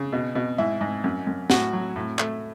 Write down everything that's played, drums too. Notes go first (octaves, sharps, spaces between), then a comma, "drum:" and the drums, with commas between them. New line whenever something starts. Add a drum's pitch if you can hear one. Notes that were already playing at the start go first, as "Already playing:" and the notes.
Already playing: C#3
B2
B2
G#2 E4
G#2
F#2
F#2
A2 F#4, drum: snare
F#3
A2
A3, drum: clap